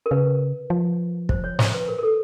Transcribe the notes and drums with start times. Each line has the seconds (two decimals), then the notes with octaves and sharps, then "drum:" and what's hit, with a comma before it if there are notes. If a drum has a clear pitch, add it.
0.06 A#4
0.11 C#3 B4
0.70 F3
1.29 C5, drum: kick
1.44 C#5
1.59 C5, drum: snare
1.74 B4
1.88 A#4
1.99 A#4
2.03 A4